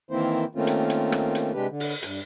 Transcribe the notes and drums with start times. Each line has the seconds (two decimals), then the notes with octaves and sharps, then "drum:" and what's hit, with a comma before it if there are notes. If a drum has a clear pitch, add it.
0.11 D#3 E3 A#3 C4 E4 C5
0.55 D#3 A3 A#3 C4 C#4 F4
0.67 drum: hi-hat
0.90 drum: hi-hat
1.12 drum: rim click
1.35 drum: hi-hat
1.53 C3 G#3 D4 G4 B4
1.69 D3
1.80 drum: open hi-hat
2.03 G2, drum: hi-hat